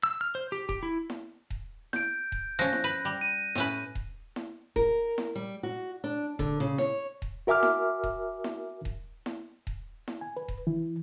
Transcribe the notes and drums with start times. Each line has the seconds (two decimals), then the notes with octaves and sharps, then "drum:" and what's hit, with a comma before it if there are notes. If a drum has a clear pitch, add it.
0.03 E6
0.21 F6
0.35 C5
0.52 G4
0.69 G4, drum: kick D#1
0.83 E4
1.10 drum: snare E4
1.50 drum: kick D#1
1.93 G6 D7, drum: snare E4
2.32 drum: kick D#1
2.59 F3 C#4 F#6 A#6
2.73 drum: snare E4
2.84 B4
3.05 G3
3.21 D#7
3.55 A2 C#4 B4, drum: snare E4
3.95 drum: kick D#1
4.36 drum: snare E4
4.76 A#4, drum: kick D#1
5.18 drum: snare E4
5.35 G3
5.63 F#4
6.04 D4
6.39 D3, drum: kick D#1
6.60 C#3
6.78 C#5, drum: snare E4
7.22 drum: kick D#1
7.47 F#4 A#4 E5 G#5 D6 F6
7.63 drum: snare E4
8.03 drum: kick D#1
8.44 drum: snare E4
8.85 drum: kick D#1
9.26 drum: snare E4
9.67 drum: kick D#1
10.08 drum: snare E4
10.21 G#5
10.37 B4
10.48 drum: kick D#1
10.67 E3